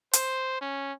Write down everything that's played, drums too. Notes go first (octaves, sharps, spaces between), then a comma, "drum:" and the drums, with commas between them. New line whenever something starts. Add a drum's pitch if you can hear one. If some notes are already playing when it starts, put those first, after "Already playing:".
C5, drum: hi-hat
C#4